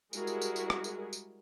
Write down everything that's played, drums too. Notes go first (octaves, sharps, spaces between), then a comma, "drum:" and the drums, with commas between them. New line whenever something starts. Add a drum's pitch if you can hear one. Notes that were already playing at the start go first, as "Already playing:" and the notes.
G3 G#3 E4 F#4 G#4 A#4, drum: tambourine
drum: tambourine
drum: tambourine
drum: tambourine
drum: rim click
drum: tambourine
drum: tambourine